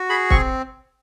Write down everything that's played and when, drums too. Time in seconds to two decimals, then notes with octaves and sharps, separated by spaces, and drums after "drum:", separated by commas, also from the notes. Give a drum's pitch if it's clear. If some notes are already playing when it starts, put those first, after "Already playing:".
Already playing: F#4
0.10 G#4 B5
0.30 C4 C#6, drum: kick